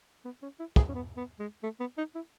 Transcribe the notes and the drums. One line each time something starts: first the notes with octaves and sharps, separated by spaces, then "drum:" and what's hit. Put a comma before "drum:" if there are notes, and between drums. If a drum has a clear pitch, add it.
B3
C#4
E4
G#4, drum: kick
C#4
B3
B3
G#3
A3
B3
D#4
E4